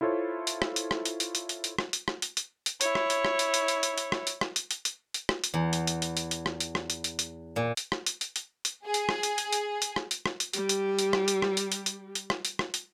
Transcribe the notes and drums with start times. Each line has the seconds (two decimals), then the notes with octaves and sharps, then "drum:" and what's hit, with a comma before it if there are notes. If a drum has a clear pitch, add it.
0.01 E4 F4 A4 C5 C#5
0.47 drum: hi-hat
0.62 drum: rim click
0.76 drum: hi-hat
0.91 drum: rim click
1.05 drum: hi-hat
1.20 drum: hi-hat
1.35 drum: hi-hat
1.49 drum: hi-hat
1.64 drum: hi-hat
1.79 drum: rim click
1.93 drum: hi-hat
2.08 drum: rim click
2.22 drum: hi-hat
2.37 drum: hi-hat
2.66 drum: hi-hat
2.81 E4 C#5, drum: hi-hat
2.95 drum: rim click
3.10 drum: hi-hat
3.25 drum: rim click
3.39 drum: hi-hat
3.54 drum: hi-hat
3.68 drum: hi-hat
3.83 drum: hi-hat
3.98 drum: hi-hat
4.12 drum: rim click
4.27 drum: hi-hat
4.41 drum: rim click
4.56 drum: hi-hat
4.71 drum: hi-hat
4.85 drum: hi-hat
5.14 drum: hi-hat
5.29 drum: rim click
5.44 drum: hi-hat
5.54 E2
5.73 drum: hi-hat
5.87 drum: hi-hat
6.02 drum: hi-hat
6.17 drum: hi-hat
6.31 drum: hi-hat
6.46 drum: rim click
6.60 drum: hi-hat
6.75 drum: rim click
6.90 drum: hi-hat
7.04 drum: hi-hat
7.19 drum: hi-hat
7.56 A#2
7.77 drum: hi-hat
7.92 drum: rim click
8.06 drum: hi-hat
8.21 drum: hi-hat
8.36 drum: hi-hat
8.65 drum: hi-hat
8.85 G#4
8.94 drum: hi-hat
9.09 drum: rim click
9.23 drum: hi-hat
9.38 drum: hi-hat
9.53 drum: hi-hat
9.82 drum: hi-hat
9.96 drum: rim click
10.11 drum: hi-hat
10.26 drum: rim click
10.40 drum: hi-hat
10.53 G3 G4, drum: hi-hat
10.69 drum: hi-hat
10.99 drum: hi-hat
11.13 drum: rim click
11.28 drum: hi-hat
11.42 drum: rim click
11.57 drum: hi-hat
11.72 drum: hi-hat
11.86 drum: hi-hat
12.15 drum: hi-hat
12.30 drum: rim click
12.45 drum: hi-hat
12.59 drum: rim click
12.74 drum: hi-hat